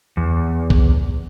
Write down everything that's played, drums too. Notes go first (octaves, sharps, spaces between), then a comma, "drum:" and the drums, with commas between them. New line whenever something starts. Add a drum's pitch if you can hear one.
E2
drum: kick C2